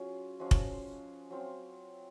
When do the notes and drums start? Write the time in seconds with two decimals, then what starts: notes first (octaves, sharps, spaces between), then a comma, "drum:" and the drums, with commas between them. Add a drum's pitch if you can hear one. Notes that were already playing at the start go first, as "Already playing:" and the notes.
Already playing: F#3 C#4 F4 G#4
0.39 F3 G#3 C#4 F#4
0.51 drum: kick
1.30 F#3 C4 F4